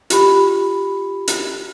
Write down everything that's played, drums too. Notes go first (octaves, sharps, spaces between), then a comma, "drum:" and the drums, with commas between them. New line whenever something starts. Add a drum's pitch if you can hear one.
F4 G4 B5, drum: hi-hat
drum: hi-hat